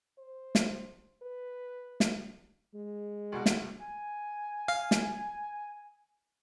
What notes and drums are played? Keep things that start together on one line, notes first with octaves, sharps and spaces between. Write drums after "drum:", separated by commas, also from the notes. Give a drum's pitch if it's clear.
C5
drum: snare
B4
drum: snare
G#3
C2 B2 F#4
drum: snare
G#5
F5
drum: snare